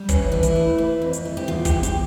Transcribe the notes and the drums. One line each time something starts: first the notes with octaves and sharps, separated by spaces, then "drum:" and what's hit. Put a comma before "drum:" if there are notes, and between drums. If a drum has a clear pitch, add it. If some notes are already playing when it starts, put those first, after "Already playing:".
Already playing: G3
E3 C#4, drum: kick, hi-hat
E3 D4
E4, drum: hi-hat
A3
E3
F2
drum: hi-hat
A3
G4
E2 F4
G4, drum: kick, hi-hat
E2
G4, drum: hi-hat